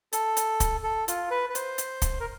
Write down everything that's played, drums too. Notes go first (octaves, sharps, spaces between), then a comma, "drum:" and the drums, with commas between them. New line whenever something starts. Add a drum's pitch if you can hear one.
A4, drum: hi-hat
drum: hi-hat
drum: kick, hi-hat
A4
F4, drum: hi-hat
B4
B4
C5, drum: hi-hat
drum: hi-hat
drum: kick, hi-hat
A#4